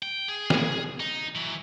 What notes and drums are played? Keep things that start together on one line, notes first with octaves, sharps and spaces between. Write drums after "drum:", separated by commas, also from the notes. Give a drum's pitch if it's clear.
G5
G#4
drum: snare
D#4
E3 F#3